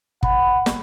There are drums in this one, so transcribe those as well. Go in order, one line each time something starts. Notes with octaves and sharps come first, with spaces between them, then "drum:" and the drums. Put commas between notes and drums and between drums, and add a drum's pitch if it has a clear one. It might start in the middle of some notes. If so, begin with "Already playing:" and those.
F#5 B5, drum: kick
drum: snare